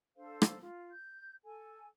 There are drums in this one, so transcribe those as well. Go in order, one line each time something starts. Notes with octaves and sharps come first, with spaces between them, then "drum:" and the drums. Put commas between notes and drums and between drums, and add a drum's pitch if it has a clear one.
D4 A4 C5 F5
drum: rim click
F4
G6
A4 G#5